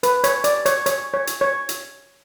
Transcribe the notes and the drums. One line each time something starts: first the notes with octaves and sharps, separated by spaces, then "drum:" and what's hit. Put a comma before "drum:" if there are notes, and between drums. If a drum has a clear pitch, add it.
B4, drum: hi-hat
C#5, drum: hi-hat
D5, drum: hi-hat
C#5, drum: hi-hat
C#5, drum: hi-hat
C#5
drum: hi-hat
C#5
drum: hi-hat